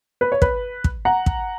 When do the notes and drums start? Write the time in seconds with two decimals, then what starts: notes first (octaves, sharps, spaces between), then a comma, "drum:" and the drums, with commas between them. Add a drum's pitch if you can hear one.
0.21 B4
0.32 C#5
0.42 B4, drum: kick
0.84 drum: kick
1.05 F#5 A#5
1.26 drum: kick